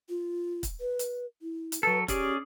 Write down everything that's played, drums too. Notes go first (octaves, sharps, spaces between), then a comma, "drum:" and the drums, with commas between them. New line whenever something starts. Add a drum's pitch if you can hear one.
F4
drum: kick, hi-hat
B4
drum: hi-hat
E4
drum: hi-hat
F#3 A4 B4
C#4 G4 G#4 D5, drum: kick, hi-hat